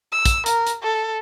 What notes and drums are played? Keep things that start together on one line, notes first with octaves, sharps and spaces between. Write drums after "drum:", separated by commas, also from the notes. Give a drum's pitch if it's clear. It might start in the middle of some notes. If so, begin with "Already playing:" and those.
E6
drum: kick, hi-hat
A#4, drum: hi-hat
drum: hi-hat
A4